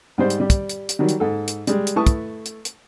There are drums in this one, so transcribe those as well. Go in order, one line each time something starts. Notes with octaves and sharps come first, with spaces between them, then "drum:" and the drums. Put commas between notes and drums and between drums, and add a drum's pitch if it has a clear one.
G#2 G3 C5
drum: hi-hat
G3 G4
drum: kick, hi-hat
drum: hi-hat
drum: hi-hat
D#3 F#3 G3
drum: hi-hat
G#2 A4
drum: hi-hat
G3 G#3, drum: hi-hat
drum: hi-hat
A3 E4 B4 A5 C#6 D#6
drum: kick, hi-hat
drum: hi-hat
drum: hi-hat